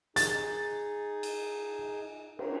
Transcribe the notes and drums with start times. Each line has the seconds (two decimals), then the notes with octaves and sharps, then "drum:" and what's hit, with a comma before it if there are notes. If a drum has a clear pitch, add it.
0.16 D#4 G#4 A6, drum: hi-hat
1.23 drum: cymbal
2.39 A#4, drum: cymbal